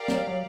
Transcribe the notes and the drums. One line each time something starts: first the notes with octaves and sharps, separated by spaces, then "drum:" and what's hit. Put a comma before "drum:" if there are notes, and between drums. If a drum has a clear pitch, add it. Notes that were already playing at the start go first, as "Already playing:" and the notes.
Already playing: G4 A#4 D5 F5
F#3, drum: snare
F#3